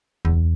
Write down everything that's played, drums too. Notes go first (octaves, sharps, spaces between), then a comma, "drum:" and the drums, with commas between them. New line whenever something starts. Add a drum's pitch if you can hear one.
E2, drum: kick